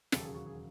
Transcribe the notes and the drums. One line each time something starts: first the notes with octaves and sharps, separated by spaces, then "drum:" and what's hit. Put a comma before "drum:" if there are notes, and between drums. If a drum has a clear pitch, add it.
E1 D#2 C#3 F#3 A4, drum: snare
G#4
F#4
G#4